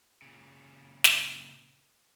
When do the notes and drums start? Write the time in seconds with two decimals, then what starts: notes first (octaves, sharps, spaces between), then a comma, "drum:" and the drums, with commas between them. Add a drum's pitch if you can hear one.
0.22 A#2 C#3
1.04 drum: snare